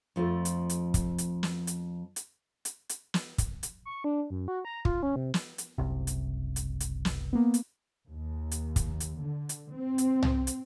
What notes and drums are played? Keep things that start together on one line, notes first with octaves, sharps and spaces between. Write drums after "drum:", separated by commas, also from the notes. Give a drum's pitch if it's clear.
F2 F3 G#3 A3
drum: hi-hat
drum: hi-hat
drum: kick, hi-hat
drum: hi-hat
drum: snare
drum: hi-hat
drum: hi-hat
drum: hi-hat
drum: hi-hat
drum: snare
drum: kick, hi-hat
drum: hi-hat
C#6
D4
F#2
F#4
A#5
F4, drum: kick
C#4
C3
drum: snare
drum: hi-hat
F#1 C2 C3
drum: hi-hat
drum: hi-hat
drum: hi-hat
drum: snare
A#3 B3
drum: hi-hat
D#2
drum: hi-hat
drum: kick, hi-hat
drum: hi-hat
D3
drum: hi-hat
C4
drum: hi-hat
drum: tom
drum: hi-hat